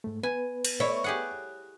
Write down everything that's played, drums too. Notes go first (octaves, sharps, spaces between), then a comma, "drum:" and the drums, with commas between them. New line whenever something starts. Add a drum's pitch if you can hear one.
G#2 A3
B3 B4 G#5
drum: cymbal
E4 C#5
G4 G#4 F#5